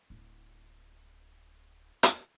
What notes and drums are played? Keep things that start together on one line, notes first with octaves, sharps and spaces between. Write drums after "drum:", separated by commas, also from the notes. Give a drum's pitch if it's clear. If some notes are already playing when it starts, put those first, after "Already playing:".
D1 E4
drum: hi-hat